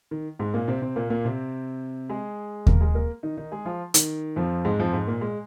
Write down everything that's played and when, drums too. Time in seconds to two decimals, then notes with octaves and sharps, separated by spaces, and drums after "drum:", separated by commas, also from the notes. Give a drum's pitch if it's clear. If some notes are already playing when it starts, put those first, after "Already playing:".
0.11 D#3
0.39 G#2 G#3
0.54 A#2 A#3
0.68 C3 C4
0.82 C3 C4
0.96 A#2 A#3
1.10 A#2 A#3
1.25 C3 C4
2.09 G#3 G#4
2.67 A#3 A#4, drum: kick D#2
2.81 G#3 G#4
2.94 A#3 A#4
3.23 D#3 D#4
3.37 D#3 D#4
3.52 G#3 G#4
3.65 F3 F4
3.94 D#3, drum: hi-hat
4.36 F2 F3
4.65 G#2 G#3
4.79 F2 F3
4.93 G#2 G#3
5.07 A#2 A#3
5.21 G#3